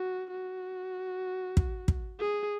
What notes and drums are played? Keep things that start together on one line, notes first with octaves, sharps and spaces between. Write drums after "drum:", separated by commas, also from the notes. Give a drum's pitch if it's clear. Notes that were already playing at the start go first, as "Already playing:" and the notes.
Already playing: F#4
F#4
drum: kick
drum: kick
G#4